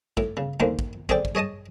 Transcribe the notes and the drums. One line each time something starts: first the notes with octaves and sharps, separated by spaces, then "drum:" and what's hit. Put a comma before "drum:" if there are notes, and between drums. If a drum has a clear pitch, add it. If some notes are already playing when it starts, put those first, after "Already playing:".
A2, drum: kick
C#3
A1 D#2 D3 A#3 C5
drum: kick
C4 G#4 A4 D5 G5, drum: kick
drum: kick
G#4 C#5 D#5 A5 D#6